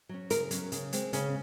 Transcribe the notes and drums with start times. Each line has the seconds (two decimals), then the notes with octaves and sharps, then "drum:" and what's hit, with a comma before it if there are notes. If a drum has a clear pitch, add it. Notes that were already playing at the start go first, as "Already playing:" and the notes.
0.09 F#3 C#4
0.30 C#3 A#4, drum: hi-hat
0.51 F#3 C#4, drum: hi-hat
0.72 C#3, drum: hi-hat
0.93 G#3 C4, drum: hi-hat
1.13 C#3 C#4, drum: hi-hat